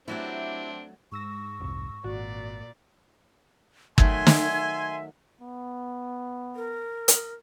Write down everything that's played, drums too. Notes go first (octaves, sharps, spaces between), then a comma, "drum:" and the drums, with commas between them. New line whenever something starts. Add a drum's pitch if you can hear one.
F#3 A3 C4 D4 E4 G4
G#2 C#6 E6 A#6
F1 C2
G#1 A#2 F#4 D5
D#3 F#3 A3 E5 G#5 C6 G#6, drum: kick
drum: snare
B3
A#4
drum: hi-hat